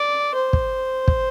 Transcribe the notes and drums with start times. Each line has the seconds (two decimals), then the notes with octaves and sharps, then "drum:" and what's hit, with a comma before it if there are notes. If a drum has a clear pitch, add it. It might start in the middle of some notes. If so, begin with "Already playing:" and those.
Already playing: D5
0.35 C5
0.53 drum: kick
1.08 drum: kick